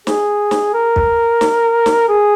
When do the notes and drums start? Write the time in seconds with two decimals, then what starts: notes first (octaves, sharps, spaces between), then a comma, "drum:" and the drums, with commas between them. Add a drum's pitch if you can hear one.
0.07 G#4, drum: snare
0.51 drum: snare
0.74 A#4
0.96 drum: kick
1.41 drum: snare
1.86 drum: snare
2.08 G#4